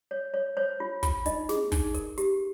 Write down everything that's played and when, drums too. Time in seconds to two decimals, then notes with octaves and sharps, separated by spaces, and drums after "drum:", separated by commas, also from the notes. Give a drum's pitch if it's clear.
0.11 C#5
0.34 C#5
0.57 C5 C#5
0.80 F4
1.03 F4, drum: kick, hi-hat
1.26 D#4 D#5, drum: hi-hat
1.49 G#4, drum: snare
1.72 D#4, drum: kick, open hi-hat
1.94 A#4, drum: hi-hat
2.18 G4, drum: hi-hat